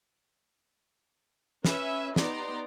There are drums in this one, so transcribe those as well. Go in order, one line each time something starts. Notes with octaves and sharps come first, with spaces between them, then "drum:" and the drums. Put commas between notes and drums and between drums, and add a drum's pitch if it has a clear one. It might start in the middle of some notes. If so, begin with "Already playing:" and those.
C#4 B4 E5 G#5, drum: snare
B3 D#4 G4 D5 A#5 C6, drum: snare